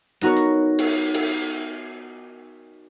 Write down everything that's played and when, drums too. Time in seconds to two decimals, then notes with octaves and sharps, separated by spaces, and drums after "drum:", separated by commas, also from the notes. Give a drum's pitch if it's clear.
0.22 B3 D#4 F#4 A#4 C#5, drum: hi-hat
0.37 drum: hi-hat
0.79 drum: cymbal
1.15 drum: cymbal